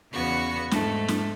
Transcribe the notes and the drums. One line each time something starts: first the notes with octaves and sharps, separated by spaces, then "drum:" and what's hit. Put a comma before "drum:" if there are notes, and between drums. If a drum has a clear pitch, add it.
E2 C#3 B3 F#4 C#6
G#2 A3, drum: snare
drum: snare